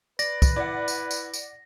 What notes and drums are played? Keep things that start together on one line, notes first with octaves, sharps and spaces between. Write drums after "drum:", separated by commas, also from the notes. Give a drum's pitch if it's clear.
B4 D5 A#6, drum: tambourine
drum: kick, tambourine
E4 D5 F#5
drum: tambourine
drum: tambourine
drum: tambourine